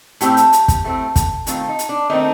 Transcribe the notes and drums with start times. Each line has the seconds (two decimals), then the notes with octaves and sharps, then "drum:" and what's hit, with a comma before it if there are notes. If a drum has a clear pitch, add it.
0.21 A2 A3 C4 G4, drum: hi-hat
0.37 drum: hi-hat
0.53 drum: hi-hat
0.68 drum: kick, hi-hat
0.84 A2 A3 C4
1.16 drum: kick, hi-hat
1.47 D#3 A3 C4 F4, drum: hi-hat
1.69 D#4
1.79 drum: hi-hat
1.89 D4
2.10 D#3 A3 C4 D#4